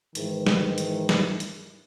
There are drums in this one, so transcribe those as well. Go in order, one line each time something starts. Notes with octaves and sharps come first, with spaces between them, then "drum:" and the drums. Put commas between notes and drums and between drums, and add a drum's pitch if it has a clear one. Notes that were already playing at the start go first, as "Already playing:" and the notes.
G#2 D#3 E3, drum: hi-hat
drum: snare
drum: hi-hat
drum: snare
drum: hi-hat